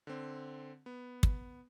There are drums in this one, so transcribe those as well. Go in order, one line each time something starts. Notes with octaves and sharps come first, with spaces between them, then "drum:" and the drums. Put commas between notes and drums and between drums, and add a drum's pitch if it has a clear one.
D3 C4
B3
drum: kick